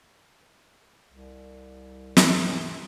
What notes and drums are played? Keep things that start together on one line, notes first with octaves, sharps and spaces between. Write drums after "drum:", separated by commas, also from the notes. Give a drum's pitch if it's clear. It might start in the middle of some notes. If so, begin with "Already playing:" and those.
C2
D#2 G#2 C3, drum: snare